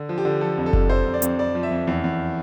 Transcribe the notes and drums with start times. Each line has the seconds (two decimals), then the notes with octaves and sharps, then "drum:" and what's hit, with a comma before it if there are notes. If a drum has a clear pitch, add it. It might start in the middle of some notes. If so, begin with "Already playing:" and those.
Already playing: D3
0.09 F3
0.18 G4
0.25 D3
0.41 F3 A4
0.58 F2
0.66 A4
0.73 F2, drum: kick F#1
0.90 F2 C5
1.07 F2
1.14 D5
1.22 F2, drum: hi-hat
1.39 F2 D5
1.55 F3
1.63 E5
1.71 F2
1.87 E2
2.04 E2